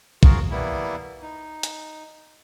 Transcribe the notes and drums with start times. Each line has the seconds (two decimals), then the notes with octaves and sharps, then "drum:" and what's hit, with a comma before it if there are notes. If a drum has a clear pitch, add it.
0.23 F4 F#4 G#4 A#4, drum: kick
0.51 E3 G3 A#3 B3 E4
1.22 D#4
1.63 drum: hi-hat